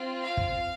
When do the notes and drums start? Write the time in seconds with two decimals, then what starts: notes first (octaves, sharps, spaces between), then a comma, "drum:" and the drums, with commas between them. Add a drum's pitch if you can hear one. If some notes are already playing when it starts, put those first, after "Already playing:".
Already playing: C4 F4
0.22 F5
0.37 drum: kick